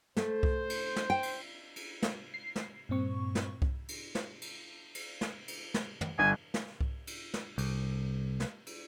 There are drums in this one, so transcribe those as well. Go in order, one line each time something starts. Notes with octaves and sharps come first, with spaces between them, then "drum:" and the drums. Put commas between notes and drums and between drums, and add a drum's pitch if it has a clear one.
A3 C5, drum: snare
drum: kick C2
drum: cymbal
drum: snare
G5
drum: cymbal
drum: cymbal
drum: snare
C7
drum: snare
G2 A#2 C4 C#6
drum: snare
drum: kick C2
drum: cymbal
drum: snare
drum: cymbal
drum: cymbal
drum: snare
drum: cymbal
drum: snare
drum: tom
G1 G#5
drum: snare
drum: kick C2
drum: cymbal
drum: snare
C2, drum: cymbal
drum: snare
drum: cymbal